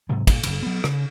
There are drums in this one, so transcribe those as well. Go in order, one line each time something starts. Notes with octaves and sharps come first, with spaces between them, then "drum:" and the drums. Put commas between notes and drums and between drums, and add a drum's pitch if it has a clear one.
G#2 C3 F#3 G#3
G2 A#2, drum: kick, cymbal
F#1 C#3, drum: cymbal
F#3 B3
C#3, drum: rim click